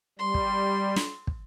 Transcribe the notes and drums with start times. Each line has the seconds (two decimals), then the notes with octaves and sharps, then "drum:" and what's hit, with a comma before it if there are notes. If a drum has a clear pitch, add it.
0.19 G3 C6
0.34 drum: kick
0.96 drum: snare
1.27 drum: kick